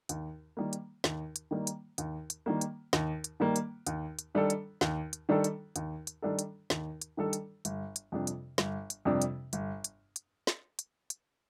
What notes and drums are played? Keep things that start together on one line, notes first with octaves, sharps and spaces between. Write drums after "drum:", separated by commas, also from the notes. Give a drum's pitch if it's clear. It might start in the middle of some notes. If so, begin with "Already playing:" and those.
D#2, drum: hi-hat
D#3 G3 A#3
drum: hi-hat
D#2, drum: snare
drum: hi-hat
D#3 G3 A#3
drum: hi-hat
D#2, drum: hi-hat
drum: hi-hat
D#3 G3 A#3
drum: hi-hat
D#2, drum: snare
drum: hi-hat
D#3 G3 A#3
drum: hi-hat
D#2, drum: hi-hat
drum: hi-hat
D#3 G3 D4 A4
drum: hi-hat
D#2, drum: snare
drum: hi-hat
D#3 G3 D4 A4
drum: hi-hat
D#2, drum: hi-hat
drum: hi-hat
D#3 G3 D4 A4
drum: hi-hat
D#2, drum: snare
drum: hi-hat
D#3 G3 D4 A4
drum: hi-hat
G1, drum: hi-hat
drum: hi-hat
F2 C3 G3 D4
drum: hi-hat
G1, drum: snare
drum: hi-hat
F2 C3 G3 D4
drum: hi-hat
G1, drum: hi-hat
drum: hi-hat
drum: hi-hat
drum: snare
drum: hi-hat
drum: hi-hat